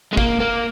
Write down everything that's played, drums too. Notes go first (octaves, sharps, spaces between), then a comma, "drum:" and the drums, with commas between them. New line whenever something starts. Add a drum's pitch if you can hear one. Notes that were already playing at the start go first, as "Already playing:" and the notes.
G#3
A#3, drum: kick
A#3